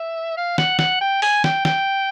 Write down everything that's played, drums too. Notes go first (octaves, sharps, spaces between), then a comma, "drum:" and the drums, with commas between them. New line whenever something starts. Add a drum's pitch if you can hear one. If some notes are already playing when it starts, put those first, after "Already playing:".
Already playing: E5
F5
F#5, drum: snare
F#5, drum: snare
G5
G#5, drum: open hi-hat
G5, drum: snare
G5, drum: snare